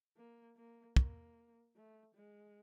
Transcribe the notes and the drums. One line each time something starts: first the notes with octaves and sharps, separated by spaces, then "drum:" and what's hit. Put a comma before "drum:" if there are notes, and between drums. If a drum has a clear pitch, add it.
A#3
A#3
A#3, drum: kick
A3
G#3